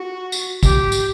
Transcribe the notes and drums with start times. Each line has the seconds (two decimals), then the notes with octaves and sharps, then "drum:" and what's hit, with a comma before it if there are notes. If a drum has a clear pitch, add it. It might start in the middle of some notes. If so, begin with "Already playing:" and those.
Already playing: F#4
0.32 drum: tambourine
0.63 G4, drum: kick, tambourine
0.92 drum: tambourine